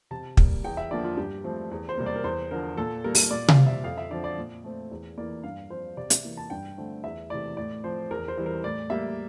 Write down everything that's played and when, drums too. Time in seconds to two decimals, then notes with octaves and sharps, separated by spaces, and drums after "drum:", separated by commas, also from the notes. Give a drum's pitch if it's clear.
0.11 C3 A5
0.37 G3 A#3, drum: kick
0.64 E2 G5
0.77 E5
0.91 D3 F3 A#3 D5
1.04 F4
1.17 G2 G4
1.44 F3 A3 C4
1.71 E2
1.89 C5
1.97 C3 G3 A#3
2.06 D5
2.16 A#4
2.24 E2 C5
2.51 D3 F3 A#4
2.77 A#2 A4
3.04 G3 A#3 A#4
3.15 drum: open hi-hat
3.31 A#2 D5
3.48 F5, drum: tom C3
3.58 G3 C4
3.67 E5
3.84 F2 F5
3.98 E5
4.10 D3 F3 C4 D5
4.24 D5
4.37 A#2
4.64 A3 C4
4.91 E2
5.18 E3 A#3 D5
5.44 G2 F5
5.70 F3 C4 C5
5.97 C3 D5
6.10 E5, drum: hi-hat
6.24 E3 A#3
6.37 A5
6.50 G2 G5
6.77 D3 A3 C4
7.04 E2 E5
7.30 C3 E3 A3 D5
7.57 A2 D5
7.84 F3 C4 C5
8.11 E2 A#4
8.28 C5
8.37 E3 G3 C4
8.46 A#4
8.64 A2 D5
8.90 G3 A#3 E5